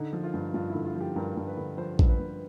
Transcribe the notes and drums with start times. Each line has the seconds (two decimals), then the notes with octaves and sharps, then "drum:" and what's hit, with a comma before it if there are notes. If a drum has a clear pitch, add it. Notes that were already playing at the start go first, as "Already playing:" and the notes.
Already playing: D3 D#4
0.13 F3
0.23 F4
0.34 G2
0.54 G2 F4
0.69 E4
0.75 D3
0.85 F4
0.95 F3
1.00 G4
1.16 G2 A#4
1.37 G2
1.47 B4
1.57 D3
1.78 F3 C5
1.99 G2, drum: kick
2.09 B4
2.19 G2